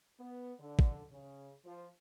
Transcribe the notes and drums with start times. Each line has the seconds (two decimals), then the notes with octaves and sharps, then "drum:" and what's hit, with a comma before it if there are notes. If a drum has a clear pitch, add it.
0.18 B3
0.60 D3
0.79 drum: kick
1.11 C#3
1.65 F3